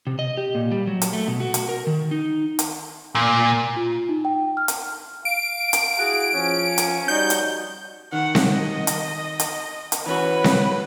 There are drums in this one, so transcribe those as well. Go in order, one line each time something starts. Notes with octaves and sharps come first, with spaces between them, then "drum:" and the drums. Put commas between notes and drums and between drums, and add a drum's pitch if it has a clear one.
C3
D#5
G4
A#2
G3
F#3
drum: hi-hat
A3
B2
F#4
drum: hi-hat
A#4
D#3
D#4
drum: hi-hat
A#2
F4
D#4
G5
F6
drum: hi-hat
F5 D7
drum: hi-hat
E4 F#4 G#4
F3 C#4
drum: hi-hat
G3 D#4 F#4 C#5 D#5 G6
drum: hi-hat
D#3 F#5
drum: snare C4
D#5
drum: hi-hat
drum: hi-hat
drum: hi-hat
E3 C#4 F#4 B4
drum: snare C4